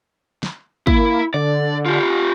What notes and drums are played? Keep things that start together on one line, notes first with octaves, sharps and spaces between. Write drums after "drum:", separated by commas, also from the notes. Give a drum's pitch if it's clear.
drum: snare
A#3 E4, drum: kick
D3 D5
F4 G4